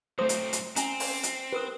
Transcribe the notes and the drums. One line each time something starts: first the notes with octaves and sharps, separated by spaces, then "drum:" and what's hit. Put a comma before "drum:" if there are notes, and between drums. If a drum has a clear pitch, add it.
F#3 A3 C4 C5 D#6
drum: hi-hat
drum: hi-hat
C4 C#4 G#5 A#5, drum: hi-hat
drum: open hi-hat
drum: hi-hat
G4 A#4 B4 D#6